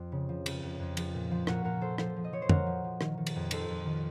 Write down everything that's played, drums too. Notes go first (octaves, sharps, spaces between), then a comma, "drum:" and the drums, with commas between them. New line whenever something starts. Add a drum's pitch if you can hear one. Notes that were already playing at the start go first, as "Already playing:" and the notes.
Already playing: F2
C#3
F3
C#3, drum: cymbal
F2
F2
F3, drum: cymbal
A#2
F3
A#2 F#4 A#4, drum: rim click
A#2 F#4 A#4
F3 A4 C5
F3 A4 C5, drum: rim click
F3
D#5
F3 C#5
C5
A#2 F#4 A#4, drum: tom F2
F3
F3
D#3, drum: rim click
D#3
drum: cymbal
F2
D#3 A4 C5, drum: cymbal
F2
D#3